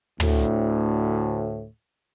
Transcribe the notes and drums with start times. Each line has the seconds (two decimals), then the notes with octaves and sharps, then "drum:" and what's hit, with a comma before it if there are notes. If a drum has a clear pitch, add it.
0.20 D2 A2, drum: tom